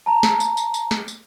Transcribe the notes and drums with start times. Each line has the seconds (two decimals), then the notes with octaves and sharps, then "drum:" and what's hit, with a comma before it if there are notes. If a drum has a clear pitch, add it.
0.06 A5 A#5
0.23 drum: snare
0.40 drum: tambourine
0.57 drum: tambourine
0.74 drum: tambourine
0.91 drum: snare
1.08 drum: tambourine